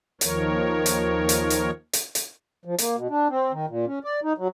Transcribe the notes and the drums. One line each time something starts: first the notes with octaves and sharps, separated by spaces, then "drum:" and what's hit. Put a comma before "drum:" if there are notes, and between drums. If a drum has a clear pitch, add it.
D#2 D#3 F3 A#4 C#5, drum: hi-hat
drum: hi-hat
drum: hi-hat
drum: hi-hat
drum: hi-hat
drum: hi-hat
F3
A#3, drum: hi-hat
B2
D4
C4
D#3
A#2
C#4
D5
D#4
F#3